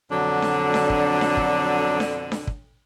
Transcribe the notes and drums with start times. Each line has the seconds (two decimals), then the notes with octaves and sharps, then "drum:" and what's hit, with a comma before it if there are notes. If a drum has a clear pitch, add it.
0.11 F2 B2 D3 F#3 D4
0.42 drum: snare D4
0.74 drum: snare D4
0.90 drum: kick
1.21 drum: snare D4
1.37 drum: kick
2.00 drum: snare D4
2.32 drum: snare D4
2.47 drum: kick